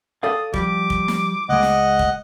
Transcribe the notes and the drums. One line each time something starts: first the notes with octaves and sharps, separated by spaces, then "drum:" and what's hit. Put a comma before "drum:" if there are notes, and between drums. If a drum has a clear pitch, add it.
A4 D5 F5 D#6
F3 G3 D6, drum: kick
drum: kick
drum: snare
C#2 G#3 D#5 F#5
drum: snare
drum: kick